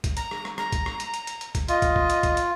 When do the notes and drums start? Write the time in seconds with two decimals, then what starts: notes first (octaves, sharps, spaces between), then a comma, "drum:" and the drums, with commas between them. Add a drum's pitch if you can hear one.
0.04 drum: kick, hi-hat
0.17 A#5, drum: hi-hat
0.31 drum: rim click
0.45 drum: rim click
0.58 A#5, drum: rim click
0.72 drum: kick, hi-hat
0.86 drum: rim click
1.00 drum: hi-hat
1.14 drum: hi-hat
1.27 drum: hi-hat
1.41 drum: hi-hat
1.55 drum: kick, hi-hat
1.68 F4 D#5, drum: hi-hat
1.82 drum: kick, hi-hat
1.96 drum: kick
2.10 drum: hi-hat
2.23 drum: kick, hi-hat
2.37 drum: hi-hat